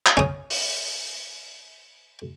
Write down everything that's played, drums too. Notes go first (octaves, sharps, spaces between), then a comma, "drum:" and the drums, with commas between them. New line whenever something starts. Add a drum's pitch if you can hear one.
drum: clap
C#4 D#6
drum: open hi-hat